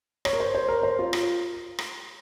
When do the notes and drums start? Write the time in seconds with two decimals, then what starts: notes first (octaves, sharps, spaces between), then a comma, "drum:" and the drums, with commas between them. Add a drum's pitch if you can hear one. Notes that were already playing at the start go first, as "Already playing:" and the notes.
0.25 C#5, drum: rim click
0.33 A#4
0.40 C5
0.55 C5
0.69 A#4
0.83 C5
0.99 F4
1.13 drum: rim click
1.79 drum: rim click